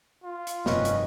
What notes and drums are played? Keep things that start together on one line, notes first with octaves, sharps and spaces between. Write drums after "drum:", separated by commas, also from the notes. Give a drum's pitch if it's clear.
F4
drum: hi-hat
F1 G2 D#3 C#4 B4 D#5, drum: snare
drum: hi-hat